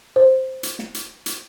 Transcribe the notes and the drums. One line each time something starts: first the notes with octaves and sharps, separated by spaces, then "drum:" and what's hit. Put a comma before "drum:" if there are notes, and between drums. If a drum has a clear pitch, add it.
C5
drum: hi-hat
drum: snare
drum: hi-hat
drum: hi-hat